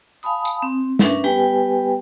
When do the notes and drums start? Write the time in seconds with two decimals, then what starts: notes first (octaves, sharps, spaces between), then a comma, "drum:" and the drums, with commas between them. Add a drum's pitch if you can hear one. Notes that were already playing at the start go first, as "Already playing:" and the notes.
0.23 F5 G#5 A5 B5 D#6
0.45 drum: tambourine
0.62 C4
0.99 C#4 D4 A#4 B4 E5, drum: snare
1.24 G3 B3 G4 B4 G5 G#5